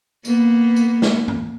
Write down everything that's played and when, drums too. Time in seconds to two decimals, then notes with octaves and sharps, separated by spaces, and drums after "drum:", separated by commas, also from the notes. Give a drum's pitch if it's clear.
0.25 A#3 B3, drum: tambourine
0.76 drum: tambourine
1.02 drum: snare
1.28 drum: tom